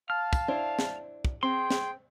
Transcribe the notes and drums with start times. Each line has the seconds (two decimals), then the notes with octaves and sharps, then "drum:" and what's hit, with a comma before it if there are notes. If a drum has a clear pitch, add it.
0.10 F5 A5 F6
0.33 drum: kick, tambourine
0.48 D4 E4 C5
0.79 drum: snare
1.25 drum: kick
1.43 C4 G#4 G5 C6
1.70 drum: snare